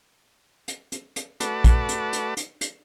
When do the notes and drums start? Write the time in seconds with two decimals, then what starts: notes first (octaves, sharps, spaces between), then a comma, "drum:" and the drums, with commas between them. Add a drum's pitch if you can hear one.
0.68 drum: hi-hat
0.92 drum: hi-hat
1.16 drum: hi-hat
1.40 A3 F#4 B4 D5 A5, drum: hi-hat
1.64 drum: kick, hi-hat
1.89 drum: hi-hat
2.13 drum: hi-hat
2.37 drum: hi-hat
2.61 drum: hi-hat